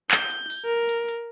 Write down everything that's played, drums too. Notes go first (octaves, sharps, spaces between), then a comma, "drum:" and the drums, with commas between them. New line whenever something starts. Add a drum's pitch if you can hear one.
G6, drum: clap
drum: hi-hat
drum: open hi-hat
A#4
drum: hi-hat
drum: hi-hat